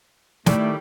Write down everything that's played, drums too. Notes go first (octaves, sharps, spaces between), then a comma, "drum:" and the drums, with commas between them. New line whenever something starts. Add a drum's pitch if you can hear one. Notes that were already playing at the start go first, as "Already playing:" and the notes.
A2 D#3 G3 A3 D5 E5, drum: snare